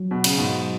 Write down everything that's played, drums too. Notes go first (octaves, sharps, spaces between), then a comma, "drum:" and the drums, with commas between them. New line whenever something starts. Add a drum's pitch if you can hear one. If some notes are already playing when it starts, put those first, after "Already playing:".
Already playing: F#3
B2
C#3, drum: cymbal
G#2 B2